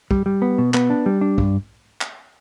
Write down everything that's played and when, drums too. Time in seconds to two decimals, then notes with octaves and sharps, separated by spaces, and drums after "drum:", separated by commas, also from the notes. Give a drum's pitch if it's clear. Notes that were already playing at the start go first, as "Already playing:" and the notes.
0.11 G3, drum: kick
0.26 G3
0.42 B3
0.58 B2
0.74 B3, drum: clap
0.90 D4
1.06 G3
1.21 D4
1.38 G2, drum: kick
2.01 drum: clap